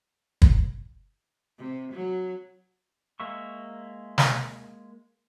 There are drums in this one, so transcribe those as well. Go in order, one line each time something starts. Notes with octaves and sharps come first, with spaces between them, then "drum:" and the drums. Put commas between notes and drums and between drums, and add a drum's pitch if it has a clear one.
drum: kick
C3
F#3
G#3 A#3 E5 C#6
drum: snare